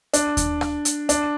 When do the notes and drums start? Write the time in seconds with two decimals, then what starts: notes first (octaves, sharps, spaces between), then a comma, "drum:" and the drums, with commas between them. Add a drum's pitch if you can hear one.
0.13 D4, drum: hi-hat
0.37 drum: kick D#2, hi-hat
0.61 drum: rim click
0.85 drum: hi-hat
1.09 D4, drum: hi-hat